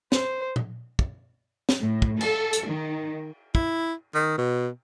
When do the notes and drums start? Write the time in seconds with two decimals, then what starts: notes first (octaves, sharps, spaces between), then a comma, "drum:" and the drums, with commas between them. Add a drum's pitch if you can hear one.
0.12 C5, drum: snare
0.56 drum: tom
0.99 drum: kick
1.69 drum: snare
1.81 A2
2.02 drum: kick
2.21 A4, drum: cymbal
2.53 drum: hi-hat
2.67 D#3
3.55 E4, drum: kick
4.14 D#3
4.38 B2